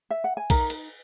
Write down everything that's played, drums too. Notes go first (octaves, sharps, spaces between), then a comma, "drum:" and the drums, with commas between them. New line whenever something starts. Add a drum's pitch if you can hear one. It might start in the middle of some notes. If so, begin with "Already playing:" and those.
E5
F#5
G#5
D#4 A#4 A#5, drum: kick B1, cymbal
B4, drum: cymbal